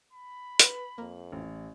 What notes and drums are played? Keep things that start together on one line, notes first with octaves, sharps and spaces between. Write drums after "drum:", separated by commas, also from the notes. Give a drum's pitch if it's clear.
B5
B4 F#5 C6 F#6 F#7, drum: hi-hat
F2 A#3
A1